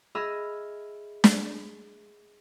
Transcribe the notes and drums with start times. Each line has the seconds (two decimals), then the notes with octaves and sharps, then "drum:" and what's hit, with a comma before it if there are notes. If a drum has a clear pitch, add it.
0.15 G#4 D#5 E5 B5 E6 F6
1.24 drum: snare